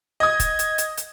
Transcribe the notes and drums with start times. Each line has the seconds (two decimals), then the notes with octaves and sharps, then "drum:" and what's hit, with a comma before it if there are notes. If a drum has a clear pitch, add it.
0.20 D#5 D#6 G#6
0.40 drum: kick, hi-hat
0.59 drum: hi-hat
0.78 drum: hi-hat
0.97 drum: hi-hat